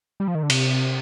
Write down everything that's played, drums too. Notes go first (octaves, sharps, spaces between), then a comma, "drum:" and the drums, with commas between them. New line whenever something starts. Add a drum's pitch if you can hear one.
G3
F3
D#3
D3
C3, drum: cymbal